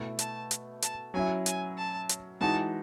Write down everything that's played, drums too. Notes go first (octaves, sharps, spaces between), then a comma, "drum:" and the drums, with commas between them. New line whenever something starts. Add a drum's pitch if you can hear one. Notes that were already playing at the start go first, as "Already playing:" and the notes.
Already playing: B2 A3 E4
A5, drum: hi-hat
drum: hi-hat
A5, drum: hi-hat
F#3 C#4 E4 G#5
G#5, drum: hi-hat
A5
drum: hi-hat
E3 G#3 D#4 F#4 A5